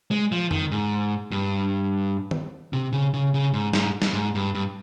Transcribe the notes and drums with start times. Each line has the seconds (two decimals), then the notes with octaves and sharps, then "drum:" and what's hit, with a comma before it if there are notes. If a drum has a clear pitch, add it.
0.11 G#3
0.32 F3
0.51 D#3, drum: tom F2
0.72 G#2
1.32 G2
2.31 drum: tom D#3
2.73 C3
2.93 C#3
3.14 C#3
3.34 C#3
3.54 G#2
3.73 G#2, drum: snare
4.02 drum: snare
4.14 G#2
4.35 G2
4.55 G2